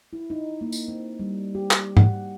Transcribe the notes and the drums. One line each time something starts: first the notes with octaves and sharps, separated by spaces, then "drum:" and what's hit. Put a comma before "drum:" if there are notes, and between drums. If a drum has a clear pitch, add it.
E4
D#4
A#3
drum: tambourine
C4
G3
G4
drum: clap
F#5, drum: tom